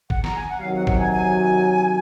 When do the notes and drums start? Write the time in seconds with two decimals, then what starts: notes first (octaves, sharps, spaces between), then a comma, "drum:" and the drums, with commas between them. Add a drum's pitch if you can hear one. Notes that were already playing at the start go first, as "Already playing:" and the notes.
0.10 F#5, drum: kick
0.24 A#5, drum: snare
0.36 G#5
0.49 F#5
0.61 C3 D#3 F#3 F5
0.74 F#5
0.87 F#5, drum: kick
0.99 G#5
1.12 G#5